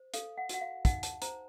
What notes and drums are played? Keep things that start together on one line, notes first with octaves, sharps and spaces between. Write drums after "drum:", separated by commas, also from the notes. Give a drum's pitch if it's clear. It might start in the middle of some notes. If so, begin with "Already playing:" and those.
Already playing: C5
A4 F5, drum: hi-hat
F#5
F#4 F#5, drum: hi-hat
F5
D#4 F#5, drum: kick, hi-hat
A5, drum: hi-hat
C5 A#5, drum: hi-hat